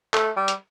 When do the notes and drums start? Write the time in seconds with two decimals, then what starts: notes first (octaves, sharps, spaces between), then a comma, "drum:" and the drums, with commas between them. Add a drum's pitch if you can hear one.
0.14 A3, drum: clap
0.36 G3
0.48 drum: hi-hat